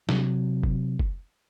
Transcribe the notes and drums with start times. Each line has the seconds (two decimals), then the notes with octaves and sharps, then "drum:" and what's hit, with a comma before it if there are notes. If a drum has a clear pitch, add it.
0.09 C3 F#3, drum: snare
0.63 drum: kick
0.99 drum: kick